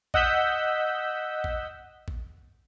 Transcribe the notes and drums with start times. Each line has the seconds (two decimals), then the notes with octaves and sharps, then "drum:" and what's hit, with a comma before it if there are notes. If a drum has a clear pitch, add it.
0.14 D#5 F#5 E6 G6 B6, drum: kick
1.44 drum: kick
2.08 drum: kick